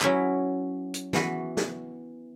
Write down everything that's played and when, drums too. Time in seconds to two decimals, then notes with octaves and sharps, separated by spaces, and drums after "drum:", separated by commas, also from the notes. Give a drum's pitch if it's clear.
0.01 F#3 C#4 E4 B4, drum: clap
0.94 drum: hi-hat
1.13 E3 B3 F#4 B4, drum: snare
1.57 drum: snare